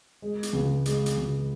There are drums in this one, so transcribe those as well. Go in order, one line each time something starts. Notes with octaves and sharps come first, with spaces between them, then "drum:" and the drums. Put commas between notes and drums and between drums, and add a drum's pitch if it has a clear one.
G#3
drum: hi-hat
C#2
G#3, drum: hi-hat
drum: hi-hat
C#2